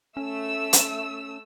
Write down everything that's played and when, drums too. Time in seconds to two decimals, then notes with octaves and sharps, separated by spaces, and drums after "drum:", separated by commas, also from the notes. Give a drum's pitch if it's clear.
0.17 A3 C#4 E6
0.73 drum: hi-hat